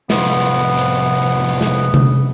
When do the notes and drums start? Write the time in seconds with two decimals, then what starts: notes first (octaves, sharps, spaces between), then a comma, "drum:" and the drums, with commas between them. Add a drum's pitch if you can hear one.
0.10 C2 F2 B3, drum: snare
0.78 drum: hi-hat
1.47 drum: open hi-hat
1.61 drum: snare
1.94 drum: tom C3